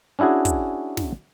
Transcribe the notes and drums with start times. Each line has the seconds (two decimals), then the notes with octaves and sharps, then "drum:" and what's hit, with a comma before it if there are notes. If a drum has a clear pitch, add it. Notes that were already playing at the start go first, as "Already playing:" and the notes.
0.19 C#4 D4 E4 F#4 G#4
0.45 drum: kick, hi-hat
0.97 drum: snare